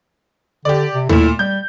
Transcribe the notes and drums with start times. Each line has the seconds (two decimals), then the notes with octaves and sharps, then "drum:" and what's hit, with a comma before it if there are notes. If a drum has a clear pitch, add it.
0.65 D3 G4 D5
0.94 C3
1.09 A#2 A3 E4, drum: tom D#2
1.39 G3 G6